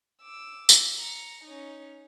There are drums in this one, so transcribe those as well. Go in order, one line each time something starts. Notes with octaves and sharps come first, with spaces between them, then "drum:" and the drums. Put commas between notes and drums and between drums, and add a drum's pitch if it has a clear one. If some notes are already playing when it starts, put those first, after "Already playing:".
D6 E6
drum: tambourine
A#5 C#7
C#4 D#4